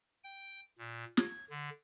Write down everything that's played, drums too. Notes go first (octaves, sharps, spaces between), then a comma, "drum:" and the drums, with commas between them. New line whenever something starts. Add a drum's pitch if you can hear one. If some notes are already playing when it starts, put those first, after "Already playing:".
G5
A#2
G#6, drum: snare
D3